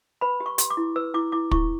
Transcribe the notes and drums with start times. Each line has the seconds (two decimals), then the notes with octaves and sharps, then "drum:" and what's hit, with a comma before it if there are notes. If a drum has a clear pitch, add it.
0.21 B4 B5
0.40 G4
0.46 C#6
0.58 G4, drum: hi-hat
0.70 D6
0.77 E4
0.96 B4 E6
1.14 E4 D6
1.32 E4 D6
1.51 E4 C#6, drum: kick